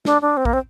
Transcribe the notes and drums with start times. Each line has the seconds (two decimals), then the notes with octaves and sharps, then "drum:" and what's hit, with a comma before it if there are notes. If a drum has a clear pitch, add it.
0.05 D4, drum: snare
0.22 D4
0.37 C4
0.45 A#3, drum: kick A#1
0.53 C4